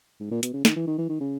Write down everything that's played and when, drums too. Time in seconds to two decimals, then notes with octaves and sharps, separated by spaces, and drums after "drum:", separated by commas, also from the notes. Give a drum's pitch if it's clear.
0.20 G#2
0.31 A#2
0.43 B2, drum: hi-hat
0.54 C#3
0.65 D#3, drum: snare
0.76 E3
0.87 D#3
0.98 E3
1.09 D#3
1.20 C#3